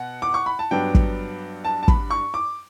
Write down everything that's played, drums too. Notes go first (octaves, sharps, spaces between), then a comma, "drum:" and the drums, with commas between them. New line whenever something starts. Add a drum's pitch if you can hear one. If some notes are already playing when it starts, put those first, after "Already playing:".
Already playing: B2 F#5
D6
C#6
B5
A5
G2 F#3 B3 D4 G5
drum: kick
A5
A5
B5, drum: kick
C#6
D6